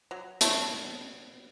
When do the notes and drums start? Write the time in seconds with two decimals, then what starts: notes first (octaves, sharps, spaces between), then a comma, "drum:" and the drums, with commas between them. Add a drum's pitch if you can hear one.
0.11 F#3
0.41 A3 E4, drum: hi-hat